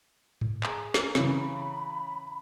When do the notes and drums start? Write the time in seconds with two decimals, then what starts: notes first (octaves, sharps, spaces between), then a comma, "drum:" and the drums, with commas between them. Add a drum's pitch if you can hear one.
0.41 drum: tom G#2
0.63 G#4 G#5 A#5, drum: clap
0.94 drum: snare
1.15 C#3 E3 A#5 B5, drum: snare